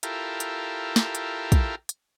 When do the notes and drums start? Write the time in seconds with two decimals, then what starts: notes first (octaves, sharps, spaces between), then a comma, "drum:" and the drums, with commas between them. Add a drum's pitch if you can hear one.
0.03 E4 F4 G4 A4 A#4, drum: hi-hat
0.40 drum: hi-hat
0.96 drum: snare
1.15 drum: hi-hat
1.52 drum: kick, hi-hat
1.89 drum: hi-hat